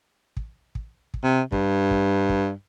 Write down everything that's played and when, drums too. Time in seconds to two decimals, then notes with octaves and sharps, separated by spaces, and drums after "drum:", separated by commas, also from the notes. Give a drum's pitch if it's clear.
0.37 drum: kick
0.75 drum: kick
1.14 drum: kick
1.24 C3
1.52 G2, drum: kick
1.91 drum: kick
2.29 drum: kick